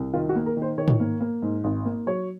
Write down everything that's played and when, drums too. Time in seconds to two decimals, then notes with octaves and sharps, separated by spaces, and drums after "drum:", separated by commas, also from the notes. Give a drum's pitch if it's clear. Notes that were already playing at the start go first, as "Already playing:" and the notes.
Already playing: C2
0.13 D#3 F4
0.29 F#4
0.35 A#3
0.46 A#4
0.57 D#3
0.62 C5
0.78 D#3 C#5
0.88 drum: tom
1.00 A#3
1.21 A#3
1.42 G#2
1.64 G#1
1.85 A#3
2.06 F#3 C#5